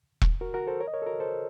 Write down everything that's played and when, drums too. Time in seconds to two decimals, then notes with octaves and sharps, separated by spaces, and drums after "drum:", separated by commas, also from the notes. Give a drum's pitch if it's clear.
0.21 drum: kick E1
0.41 F#4 A#4
0.54 F#4 A#4
0.67 A4 C5
0.80 A#4 C#5
0.87 D#5
0.94 A#4 C#5
1.02 A4
1.06 F#4 A#4
1.20 A4 C5